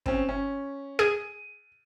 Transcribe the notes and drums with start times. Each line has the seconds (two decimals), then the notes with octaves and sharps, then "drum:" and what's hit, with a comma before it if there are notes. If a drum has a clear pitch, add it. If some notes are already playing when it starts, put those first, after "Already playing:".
0.06 C4 C#4, drum: kick
0.29 C#4
0.99 G#4 D#7